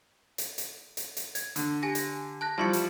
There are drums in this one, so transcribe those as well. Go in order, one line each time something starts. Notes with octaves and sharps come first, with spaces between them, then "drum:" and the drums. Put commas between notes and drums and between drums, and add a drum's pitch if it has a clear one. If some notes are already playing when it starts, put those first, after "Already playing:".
drum: hi-hat
drum: hi-hat
drum: hi-hat
drum: hi-hat
G#6, drum: hi-hat
D3, drum: hi-hat
G4 G#5 A#6
drum: hi-hat
A5 F#6 A#6
F3 G3 E4 A5 C#6 C#7
drum: hi-hat